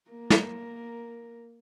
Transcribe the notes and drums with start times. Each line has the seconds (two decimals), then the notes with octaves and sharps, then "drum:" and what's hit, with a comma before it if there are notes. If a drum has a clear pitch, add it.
0.10 A#3 A#4
0.30 drum: snare